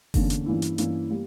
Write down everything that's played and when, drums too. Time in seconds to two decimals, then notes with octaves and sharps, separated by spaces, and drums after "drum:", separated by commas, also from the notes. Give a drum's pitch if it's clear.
0.14 E2 D3 A#3 C#4, drum: kick F#1, open hi-hat
0.30 drum: hi-hat
0.46 G2 E3 A#3 C#4 E4
0.62 drum: hi-hat
0.78 G2 E3 A#3 C#4 E4, drum: hi-hat
1.10 G3 A#3